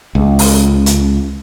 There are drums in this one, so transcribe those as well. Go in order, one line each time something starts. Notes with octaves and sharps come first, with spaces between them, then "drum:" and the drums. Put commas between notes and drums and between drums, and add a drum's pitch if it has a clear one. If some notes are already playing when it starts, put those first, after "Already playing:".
C#2
drum: open hi-hat
drum: hi-hat